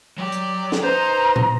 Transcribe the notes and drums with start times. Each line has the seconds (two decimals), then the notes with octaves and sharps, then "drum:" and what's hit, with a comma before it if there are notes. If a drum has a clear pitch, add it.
0.18 F#3 G4 D5
0.32 drum: hi-hat
0.72 drum: snare
0.83 D#4 B4 C5 A#5 C6
1.36 drum: tom A#2